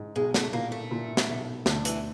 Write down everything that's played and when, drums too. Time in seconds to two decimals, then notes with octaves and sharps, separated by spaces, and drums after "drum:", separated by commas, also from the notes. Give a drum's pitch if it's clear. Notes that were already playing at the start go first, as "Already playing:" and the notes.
Already playing: G#2
0.16 B1 G#3
0.34 A3, drum: snare
0.53 A#2 A#3
0.72 A3
0.91 A#2
1.17 drum: snare
1.29 B1
1.66 D2, drum: snare
1.85 E3, drum: hi-hat